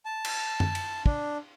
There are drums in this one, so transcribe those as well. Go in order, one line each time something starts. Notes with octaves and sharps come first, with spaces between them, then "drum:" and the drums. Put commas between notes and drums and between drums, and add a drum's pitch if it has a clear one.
A5
drum: cymbal
drum: tom F#2
drum: cymbal
D4, drum: kick